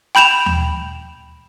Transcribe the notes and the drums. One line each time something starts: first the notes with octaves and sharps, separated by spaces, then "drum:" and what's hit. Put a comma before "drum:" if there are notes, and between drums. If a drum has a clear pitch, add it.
G5 B5 G6 E7 F7
drum: tom D#2